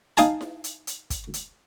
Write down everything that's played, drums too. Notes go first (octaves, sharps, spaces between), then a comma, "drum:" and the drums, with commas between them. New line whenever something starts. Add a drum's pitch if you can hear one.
D#4 F5 G#5 A5, drum: hi-hat
drum: snare E4
drum: hi-hat
drum: hi-hat
drum: kick, hi-hat
drum: hi-hat